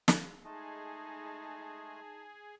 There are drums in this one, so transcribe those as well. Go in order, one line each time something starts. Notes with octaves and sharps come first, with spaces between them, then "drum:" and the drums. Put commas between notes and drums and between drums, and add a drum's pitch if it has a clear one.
drum: snare
G#3 A3 D#4 G#4 D#5 A5